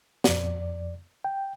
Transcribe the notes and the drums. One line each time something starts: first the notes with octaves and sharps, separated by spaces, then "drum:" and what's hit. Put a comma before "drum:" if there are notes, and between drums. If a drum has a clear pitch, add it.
F2 D5, drum: snare
G5